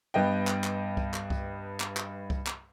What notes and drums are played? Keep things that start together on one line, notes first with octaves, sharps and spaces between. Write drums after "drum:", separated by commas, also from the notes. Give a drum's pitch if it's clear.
G2 B3 D#5 G5
drum: clap
drum: clap
drum: kick C2
drum: clap
drum: kick C2
drum: clap
drum: clap
drum: kick C2
drum: clap